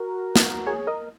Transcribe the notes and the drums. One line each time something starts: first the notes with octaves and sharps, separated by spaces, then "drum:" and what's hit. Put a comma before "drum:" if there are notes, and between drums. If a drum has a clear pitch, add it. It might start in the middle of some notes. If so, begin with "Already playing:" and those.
Already playing: F#4 A#4
drum: snare
G#4 C#5
A#4 D#5